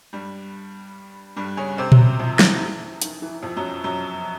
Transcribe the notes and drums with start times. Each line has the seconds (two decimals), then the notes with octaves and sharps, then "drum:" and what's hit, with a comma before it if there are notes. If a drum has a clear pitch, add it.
0.13 G2 G3
1.37 G2 G3
1.57 C#3 C#4
1.78 C3 C4
1.92 F#2 F#3, drum: tom A#2
2.19 F2 F3
2.39 E3, drum: snare
2.61 E3
3.02 D#3, drum: hi-hat
3.22 E3
3.43 F2 F3
3.57 F#2 F#3
3.84 F#2 F#3